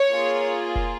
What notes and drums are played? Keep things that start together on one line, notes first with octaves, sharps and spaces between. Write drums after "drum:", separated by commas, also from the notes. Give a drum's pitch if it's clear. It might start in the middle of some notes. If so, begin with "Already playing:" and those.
Already playing: C#5
A#3 F4 G#4
drum: kick F1